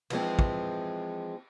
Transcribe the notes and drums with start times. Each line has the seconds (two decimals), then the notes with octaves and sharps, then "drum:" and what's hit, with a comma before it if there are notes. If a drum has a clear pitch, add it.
0.10 E3 F3 G#3 C4, drum: cymbal
0.39 drum: kick